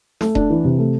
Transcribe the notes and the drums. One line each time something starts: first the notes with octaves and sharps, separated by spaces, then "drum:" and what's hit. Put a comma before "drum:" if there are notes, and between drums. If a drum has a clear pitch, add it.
A3, drum: snare
D4, drum: kick D#1
E3
C3
A3